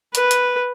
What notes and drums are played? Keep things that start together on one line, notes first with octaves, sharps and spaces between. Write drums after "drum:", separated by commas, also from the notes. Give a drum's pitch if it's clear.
B4, drum: hi-hat
drum: hi-hat